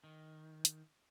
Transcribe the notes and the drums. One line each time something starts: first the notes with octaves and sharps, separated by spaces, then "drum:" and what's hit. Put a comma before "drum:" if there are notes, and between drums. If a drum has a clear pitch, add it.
D#3
drum: hi-hat